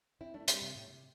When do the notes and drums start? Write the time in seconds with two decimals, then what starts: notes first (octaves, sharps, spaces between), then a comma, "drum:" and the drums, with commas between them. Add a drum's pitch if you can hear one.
0.21 C4 E4
0.34 A3 D4
0.48 G3 C4, drum: hi-hat
0.62 C3
0.76 A2
0.89 C3